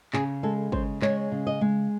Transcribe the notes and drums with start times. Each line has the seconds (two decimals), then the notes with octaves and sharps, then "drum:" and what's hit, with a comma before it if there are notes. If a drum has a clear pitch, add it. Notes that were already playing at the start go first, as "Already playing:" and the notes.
0.13 C#3 G#4, drum: clap
0.43 G#3 A4
0.72 C#3 C5, drum: kick
1.02 G#3 C#5, drum: clap
1.32 C#3
1.47 D#5
1.61 G#3